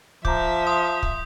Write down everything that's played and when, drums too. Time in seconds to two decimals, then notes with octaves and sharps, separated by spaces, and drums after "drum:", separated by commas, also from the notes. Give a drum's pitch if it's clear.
0.25 F3 E5 A#5 D6 G6, drum: kick
0.67 C6 D#6
1.03 drum: kick